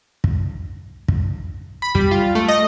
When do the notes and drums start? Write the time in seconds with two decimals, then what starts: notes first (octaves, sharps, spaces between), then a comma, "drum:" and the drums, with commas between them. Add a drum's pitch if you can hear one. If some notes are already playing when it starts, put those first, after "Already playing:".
0.24 drum: kick
1.08 drum: kick
1.82 B5
1.95 G3, drum: kick
2.11 F4
2.35 A3
2.49 D#5